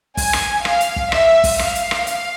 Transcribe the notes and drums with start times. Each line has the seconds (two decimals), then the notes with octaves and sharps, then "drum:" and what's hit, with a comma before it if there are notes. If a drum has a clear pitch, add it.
0.17 G#5, drum: kick, open hi-hat
0.33 drum: rim click
0.65 F5, drum: rim click
0.81 drum: hi-hat
0.96 drum: kick
1.12 E5, drum: rim click
1.44 drum: kick, open hi-hat
1.59 F5, drum: rim click
1.75 drum: hi-hat
1.91 drum: rim click
2.07 F5, drum: hi-hat